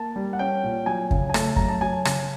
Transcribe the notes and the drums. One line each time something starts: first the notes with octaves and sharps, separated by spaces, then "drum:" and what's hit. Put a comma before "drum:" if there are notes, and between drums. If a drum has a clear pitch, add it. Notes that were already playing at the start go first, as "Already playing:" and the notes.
Already playing: A#3 A5
G3
F#5
C#4 G5
A#2
F#3 G#5
C#3, drum: kick
G#5
A3 A5, drum: rim click
F#2 A#5, drum: kick
A5
F#3 G#5
C#3, drum: rim click